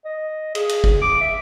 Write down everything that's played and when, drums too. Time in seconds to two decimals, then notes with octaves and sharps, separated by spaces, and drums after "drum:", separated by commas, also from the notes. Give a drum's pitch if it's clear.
0.05 D#5
0.55 G#4, drum: cymbal
0.69 drum: cymbal
0.84 drum: kick G1
1.02 D6
1.21 E5